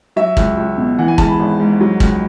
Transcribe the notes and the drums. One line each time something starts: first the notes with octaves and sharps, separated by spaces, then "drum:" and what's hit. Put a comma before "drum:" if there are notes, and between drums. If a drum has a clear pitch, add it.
F#3 E5
C#2, drum: kick
C#2
B2
E3 F#5
G#5
G#3 A5, drum: kick
B5
G#1
G#2
F#3
C#2, drum: kick